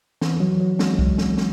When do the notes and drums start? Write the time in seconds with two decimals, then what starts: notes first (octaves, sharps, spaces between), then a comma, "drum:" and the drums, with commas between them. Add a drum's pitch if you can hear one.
0.21 E3, drum: snare
0.40 F#3
0.60 F#3
0.79 G#3, drum: snare
0.99 drum: kick C2
1.18 drum: snare
1.38 drum: snare